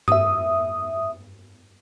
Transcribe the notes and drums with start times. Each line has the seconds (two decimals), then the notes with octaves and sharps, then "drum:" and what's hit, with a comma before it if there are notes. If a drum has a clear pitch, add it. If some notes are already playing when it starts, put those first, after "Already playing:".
0.08 E5 D#6, drum: tom G2